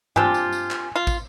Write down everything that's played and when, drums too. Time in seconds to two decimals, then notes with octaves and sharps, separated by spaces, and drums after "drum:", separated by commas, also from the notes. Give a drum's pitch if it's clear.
0.16 C4 D4 F4 G4 G#5, drum: tom G2
0.34 drum: tambourine
0.52 drum: tambourine
0.71 drum: clap
0.96 F4
1.07 drum: kick, tambourine